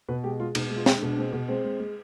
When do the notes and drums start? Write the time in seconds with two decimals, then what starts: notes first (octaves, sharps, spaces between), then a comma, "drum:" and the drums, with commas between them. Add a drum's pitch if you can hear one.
0.09 B2 B4
0.24 G#3 G4
0.40 G#3 F4
0.55 B2 D#4, drum: cymbal
0.70 G#3
0.76 F4
0.86 G#3, drum: snare
0.97 D4
1.02 B2
1.08 D4
1.17 G#3 C4
1.33 B2
1.48 G#3 C4
1.64 G#3
1.80 G#3